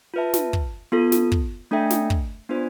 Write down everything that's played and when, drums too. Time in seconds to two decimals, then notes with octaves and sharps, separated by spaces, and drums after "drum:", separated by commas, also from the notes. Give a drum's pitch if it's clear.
0.14 F4 B4 E5 A5
0.34 drum: snare
0.53 drum: kick
0.92 B3 F4 A4
1.12 drum: snare
1.32 drum: kick
1.71 A3 D4 A4 E5 G5
1.90 drum: snare
2.10 drum: kick
2.49 B3 D4 F4 C5